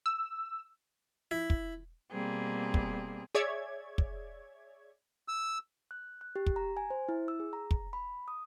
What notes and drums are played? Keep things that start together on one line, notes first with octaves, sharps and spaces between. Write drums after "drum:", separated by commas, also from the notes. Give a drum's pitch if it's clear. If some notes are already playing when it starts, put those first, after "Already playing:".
E6
E4
drum: kick
B2 G3 A#3 C4 G#4
drum: kick
G#4 C#5 D5 E5 G#6
drum: kick
E6
F#6
F#6
G4
drum: kick
A#5
G#5
C5
E4
E6
G#4
A#5
drum: kick
B5
D#6